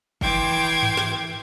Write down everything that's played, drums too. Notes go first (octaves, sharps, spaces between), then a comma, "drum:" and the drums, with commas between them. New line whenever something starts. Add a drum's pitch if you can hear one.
E3 G5 C6 D6 G#6, drum: kick F#1
drum: tom G2
drum: snare